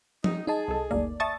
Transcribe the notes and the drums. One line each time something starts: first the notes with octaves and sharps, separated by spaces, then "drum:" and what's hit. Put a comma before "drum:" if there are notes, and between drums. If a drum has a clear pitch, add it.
D#4, drum: tom F3
D#4 G#4 D#5 A5
C2 A4
G1 D2 A#3 D5
E5 A5 C#6 D#6 A6